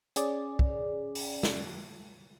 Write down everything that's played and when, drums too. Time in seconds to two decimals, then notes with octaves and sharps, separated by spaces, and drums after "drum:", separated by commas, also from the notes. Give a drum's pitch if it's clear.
0.16 C#4 G#4 D5, drum: hi-hat
0.59 drum: kick
1.15 drum: open hi-hat
1.43 drum: snare